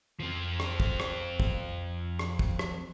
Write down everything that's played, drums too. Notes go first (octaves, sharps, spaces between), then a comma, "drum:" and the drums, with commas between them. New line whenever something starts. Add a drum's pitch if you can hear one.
F3 C4
drum: rim click
drum: kick
drum: rim click
drum: kick
drum: rim click
drum: kick
drum: rim click